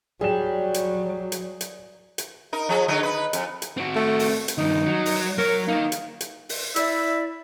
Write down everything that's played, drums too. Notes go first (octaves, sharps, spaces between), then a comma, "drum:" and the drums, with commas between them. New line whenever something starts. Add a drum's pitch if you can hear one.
F#3 G3 G#4 E7
drum: hi-hat
drum: hi-hat
drum: hi-hat
drum: hi-hat
D#4 A#4
F3 G#4
D3 F#3 D#4
D#4 B4
F2, drum: hi-hat
drum: hi-hat
C4 F#4
A3
drum: open hi-hat
drum: hi-hat
G2 D#3 D#4
F#3
drum: open hi-hat
F#3 A#4 C#5
A#3 D#4 A#4
drum: hi-hat
drum: hi-hat
drum: open hi-hat
E4 D5 E5, drum: hi-hat